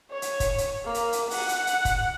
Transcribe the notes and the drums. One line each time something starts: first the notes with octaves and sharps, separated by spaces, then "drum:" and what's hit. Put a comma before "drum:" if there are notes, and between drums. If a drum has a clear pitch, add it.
C#5
drum: hi-hat
drum: kick, hi-hat
drum: hi-hat
A#3
drum: hi-hat
drum: hi-hat
F#5, drum: open hi-hat
drum: hi-hat
drum: hi-hat
drum: kick, hi-hat